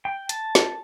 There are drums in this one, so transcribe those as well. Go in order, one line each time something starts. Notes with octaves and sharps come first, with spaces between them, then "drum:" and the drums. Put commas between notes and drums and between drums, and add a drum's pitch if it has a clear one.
G5
A5, drum: hi-hat
drum: snare